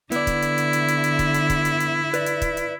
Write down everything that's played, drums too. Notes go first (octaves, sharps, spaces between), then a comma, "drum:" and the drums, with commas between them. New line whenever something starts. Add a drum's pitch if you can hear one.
D3 B3 E4 D5, drum: hi-hat
drum: kick, hi-hat
drum: hi-hat
drum: hi-hat
drum: hi-hat
drum: hi-hat
drum: hi-hat
drum: kick, hi-hat
drum: hi-hat
drum: kick, hi-hat
drum: hi-hat
drum: hi-hat
B4 D5, drum: hi-hat
drum: hi-hat
drum: kick, hi-hat
drum: hi-hat